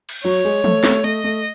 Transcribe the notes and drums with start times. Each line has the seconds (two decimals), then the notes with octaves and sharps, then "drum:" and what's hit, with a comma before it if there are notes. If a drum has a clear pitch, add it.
0.09 drum: cymbal
0.24 F#3 C#5
0.44 G#3
0.64 A3, drum: tom
0.84 A3, drum: snare
1.04 A3 D#5
1.24 A3